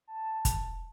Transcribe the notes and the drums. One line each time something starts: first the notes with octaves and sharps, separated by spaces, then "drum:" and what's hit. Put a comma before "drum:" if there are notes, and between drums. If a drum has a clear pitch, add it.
A5
drum: kick, hi-hat